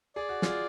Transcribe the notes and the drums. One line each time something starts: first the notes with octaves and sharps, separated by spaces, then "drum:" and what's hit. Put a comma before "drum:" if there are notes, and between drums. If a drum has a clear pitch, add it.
G#4 D5
F#4
F4 G#4, drum: snare